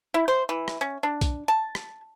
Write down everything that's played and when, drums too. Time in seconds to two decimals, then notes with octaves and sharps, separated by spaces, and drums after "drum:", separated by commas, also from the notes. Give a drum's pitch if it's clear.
0.14 E4
0.28 C5
0.49 E3
0.68 drum: rim click
0.81 C#4
1.03 D4
1.21 drum: kick B1, hi-hat
1.48 A5
1.75 drum: rim click